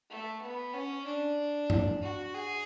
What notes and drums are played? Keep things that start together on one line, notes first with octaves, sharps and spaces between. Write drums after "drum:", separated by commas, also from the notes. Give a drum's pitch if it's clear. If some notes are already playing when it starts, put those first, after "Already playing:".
A3
B3
C#4
D4
drum: tom G2
F#4
G#4